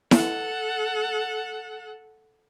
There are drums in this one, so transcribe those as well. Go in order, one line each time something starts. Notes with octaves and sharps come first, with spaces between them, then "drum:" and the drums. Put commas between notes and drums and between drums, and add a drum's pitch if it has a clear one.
A4 F#5, drum: snare E4